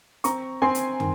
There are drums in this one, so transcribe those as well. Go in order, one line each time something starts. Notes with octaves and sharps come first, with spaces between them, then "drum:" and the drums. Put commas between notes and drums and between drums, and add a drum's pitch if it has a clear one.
C4 A#5 C#6, drum: hi-hat
C4 G#5 C6
drum: hi-hat
D#3, drum: tom